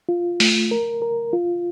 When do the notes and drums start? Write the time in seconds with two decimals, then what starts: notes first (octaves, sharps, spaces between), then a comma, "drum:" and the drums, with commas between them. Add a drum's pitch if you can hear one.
0.09 F4
0.40 A3, drum: open hi-hat
0.71 A#4
1.02 A#4
1.33 F4